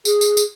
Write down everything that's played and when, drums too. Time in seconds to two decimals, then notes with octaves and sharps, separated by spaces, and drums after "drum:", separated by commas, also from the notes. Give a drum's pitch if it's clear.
0.05 G#4, drum: tambourine
0.21 drum: tambourine
0.37 drum: tambourine